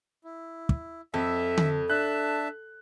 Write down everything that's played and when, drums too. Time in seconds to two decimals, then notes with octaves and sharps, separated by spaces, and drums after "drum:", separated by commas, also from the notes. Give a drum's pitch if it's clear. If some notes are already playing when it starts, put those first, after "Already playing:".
0.24 E4
0.69 drum: kick
1.14 F2 A4 E5
1.58 drum: tom D3
1.90 D4 E5 A5 F#6